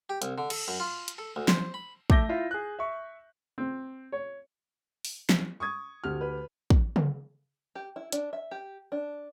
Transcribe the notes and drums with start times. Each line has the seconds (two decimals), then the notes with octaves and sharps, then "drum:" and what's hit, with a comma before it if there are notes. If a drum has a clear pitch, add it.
0.09 G4
0.22 C2, drum: hi-hat
0.38 D3
0.50 A4, drum: cymbal
0.68 F#2
0.80 F4
1.08 drum: hi-hat
1.18 A4
1.36 D2
1.48 C5, drum: snare
1.74 B5
2.10 A3 E5 D6 G6 A#6 G7, drum: kick
2.29 E4 F4
2.51 G#4 F#6
2.79 E5 C#6
3.58 C4
4.12 C#5
5.05 drum: open hi-hat
5.29 drum: snare
5.60 C#6 D#6 G#6
6.04 D2 G4 F6
6.21 B4
6.70 drum: kick
6.96 drum: tom C#3
7.75 G4
7.96 E4
8.12 D4, drum: hi-hat
8.33 E5
8.51 G4
8.92 D4